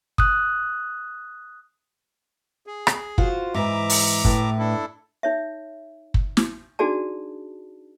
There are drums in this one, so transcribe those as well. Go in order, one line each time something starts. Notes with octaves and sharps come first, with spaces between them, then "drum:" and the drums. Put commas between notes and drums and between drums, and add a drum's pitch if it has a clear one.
D#6 F#6, drum: kick
G#4
drum: rim click
F4 F#4 C5, drum: kick
G#2 E3 B4 E5 A#5 D6
drum: open hi-hat
A2 B4, drum: kick
D4 E4 A4
D#4 C#5 E5
drum: kick
drum: snare
D4 D#4 F#4 G#4 D5 A5